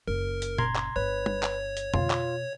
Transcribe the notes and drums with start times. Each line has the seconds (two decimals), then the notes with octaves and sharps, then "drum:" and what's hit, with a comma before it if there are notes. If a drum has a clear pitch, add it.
0.08 F#1 A#4
0.42 drum: hi-hat
0.58 A#5 C6 G#6, drum: tom A#2
0.76 drum: clap
0.96 G1 B4 C#5
1.26 drum: tom
1.43 drum: clap
1.77 drum: hi-hat
1.94 B2 F4, drum: tom F2
2.10 drum: clap